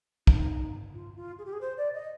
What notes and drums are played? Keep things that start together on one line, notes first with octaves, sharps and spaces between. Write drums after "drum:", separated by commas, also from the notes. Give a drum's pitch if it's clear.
D#4, drum: kick
F4
F4
G#4
G4
G#4
C5
D5
D#5